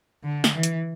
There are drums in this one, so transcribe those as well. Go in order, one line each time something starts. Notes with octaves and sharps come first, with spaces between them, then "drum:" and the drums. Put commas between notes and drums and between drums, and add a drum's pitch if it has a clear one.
D3
drum: snare
E3
drum: hi-hat